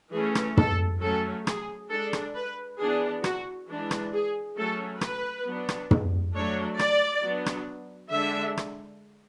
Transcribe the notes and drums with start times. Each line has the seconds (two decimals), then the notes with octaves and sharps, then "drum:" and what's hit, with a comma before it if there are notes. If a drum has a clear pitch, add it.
0.13 E3 A3 C#4 G#4
0.35 drum: rim click
0.57 A4, drum: tom
1.02 F#3 A3 C#4 A4
1.47 G#4, drum: rim click
1.90 G#3 D4 A4
2.13 drum: rim click
2.36 B4
2.80 E3 B3 D4 G#4
3.24 F#4, drum: rim click
3.69 E3 G#3 D4
3.91 drum: rim click
4.13 G#4
4.57 F#3 A3 C#4 A4
5.01 B4, drum: rim click
5.47 F#3 B3 D4
5.69 drum: rim click
5.91 drum: tom
6.35 F#3 A3 D4 C#5
6.79 D5, drum: rim click
7.24 F#3 B3 D4
7.46 drum: rim click
8.13 D3 G#3 D4 E5
8.57 drum: rim click